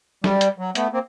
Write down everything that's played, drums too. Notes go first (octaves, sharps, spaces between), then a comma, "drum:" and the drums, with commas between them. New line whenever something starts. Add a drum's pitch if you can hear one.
G3, drum: snare
drum: hi-hat
F#3
A3 B3, drum: hi-hat
A#3 C4